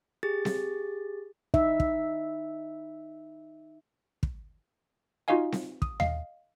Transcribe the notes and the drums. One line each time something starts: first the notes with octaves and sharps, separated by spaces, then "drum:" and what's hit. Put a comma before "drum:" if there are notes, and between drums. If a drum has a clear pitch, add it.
G4 G#4 A6
drum: snare C4
D#4 E5, drum: kick
drum: kick
drum: kick
D#4 F4 F#4 D#5 F5 G#5
drum: snare C4
D#6, drum: kick
D#5 F5 C7, drum: tom D#2